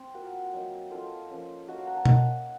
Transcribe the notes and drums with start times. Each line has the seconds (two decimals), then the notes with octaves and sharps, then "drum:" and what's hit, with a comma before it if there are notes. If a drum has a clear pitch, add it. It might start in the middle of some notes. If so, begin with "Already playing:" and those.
Already playing: C4
0.14 A#3 F4 F#4 A#4
0.53 F#3 A#3 D#4
0.91 A#3 D#4 F4 A4
1.29 F3 A#3 C#4
1.68 A#3 D#4 F#4 A#4
1.78 C#5 F5
1.87 F#5 A#5
1.96 F5 A5
2.05 A#3 D#4 D#5 F#5, drum: tom B2